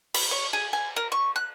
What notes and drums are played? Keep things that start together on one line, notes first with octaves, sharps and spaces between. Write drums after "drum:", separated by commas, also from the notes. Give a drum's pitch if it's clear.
B5, drum: cymbal
C#5
G#4
G#5
A#4
C#6
F#6